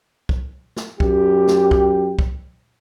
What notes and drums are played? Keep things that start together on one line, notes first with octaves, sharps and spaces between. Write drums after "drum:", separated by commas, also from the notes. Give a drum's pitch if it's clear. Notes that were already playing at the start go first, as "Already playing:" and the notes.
drum: kick
drum: snare
F#2 G4, drum: kick
drum: snare
drum: kick
drum: kick